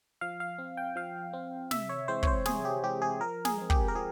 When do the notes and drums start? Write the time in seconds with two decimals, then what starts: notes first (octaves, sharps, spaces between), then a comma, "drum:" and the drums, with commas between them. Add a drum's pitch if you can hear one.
0.21 F3 F5
0.40 F5
0.58 C4
0.77 G5
0.96 F3 F5
1.33 C4
1.71 C3 E5, drum: snare
1.89 C#5
2.08 E3 G#3 C4 C5
2.23 C#5, drum: kick
2.27 C5
2.45 C3 G#4, drum: snare
2.65 G4
2.83 E3 G#3 C4 G4
3.02 G#4
3.20 F3 A#4
3.45 G#4, drum: snare
3.58 G#3 C4
3.70 G4, drum: kick
3.88 A#4
3.95 F3 G#4